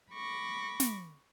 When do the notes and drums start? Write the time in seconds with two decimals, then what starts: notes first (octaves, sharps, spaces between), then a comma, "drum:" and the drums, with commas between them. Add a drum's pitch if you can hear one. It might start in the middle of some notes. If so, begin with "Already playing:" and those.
0.13 B5 C#6 D6 A#6
0.80 drum: snare